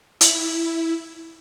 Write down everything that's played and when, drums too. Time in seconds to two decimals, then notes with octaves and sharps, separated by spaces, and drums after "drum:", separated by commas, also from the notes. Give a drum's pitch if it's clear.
0.21 E4, drum: hi-hat